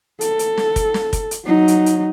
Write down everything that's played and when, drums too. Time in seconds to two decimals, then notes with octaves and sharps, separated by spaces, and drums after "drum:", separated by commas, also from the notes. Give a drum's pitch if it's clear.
0.21 A4, drum: hi-hat
0.39 drum: hi-hat
0.58 drum: snare
0.76 drum: kick, hi-hat
0.94 drum: snare
1.13 drum: kick, hi-hat
1.31 drum: hi-hat
1.46 F#3 D#4
1.68 drum: hi-hat
1.86 drum: hi-hat